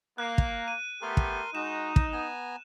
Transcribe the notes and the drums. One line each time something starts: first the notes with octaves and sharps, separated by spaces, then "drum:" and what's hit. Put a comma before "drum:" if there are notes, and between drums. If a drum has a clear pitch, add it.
A#3 F#6
drum: kick
D#7
A3 B3 G4 A#4 C6
drum: kick
G#3 D#4 F#4 E7
drum: kick
B3 G#5 A#5